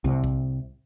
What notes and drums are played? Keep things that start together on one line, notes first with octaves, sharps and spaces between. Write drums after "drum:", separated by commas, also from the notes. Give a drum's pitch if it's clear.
C2 C3
drum: kick B1